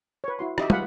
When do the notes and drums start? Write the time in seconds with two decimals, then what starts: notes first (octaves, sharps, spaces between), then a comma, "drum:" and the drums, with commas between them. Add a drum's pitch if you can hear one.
0.24 B4 C#5
0.39 E4 F#4 C6
0.58 D#4 G4 D#5 E5, drum: rim click
0.70 F4 G#4 B4 F5 F#5 B5, drum: tom